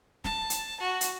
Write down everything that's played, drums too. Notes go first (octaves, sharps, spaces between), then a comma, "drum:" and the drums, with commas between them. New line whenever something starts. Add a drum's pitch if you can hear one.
A5, drum: snare
drum: hi-hat
F#4
drum: hi-hat